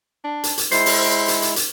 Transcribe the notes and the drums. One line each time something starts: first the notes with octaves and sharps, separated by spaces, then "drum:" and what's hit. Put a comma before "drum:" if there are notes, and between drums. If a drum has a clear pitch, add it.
D4
drum: hi-hat
drum: hi-hat
G#3 E4 C5 C7, drum: hi-hat
drum: open hi-hat
drum: hi-hat
drum: hi-hat
drum: hi-hat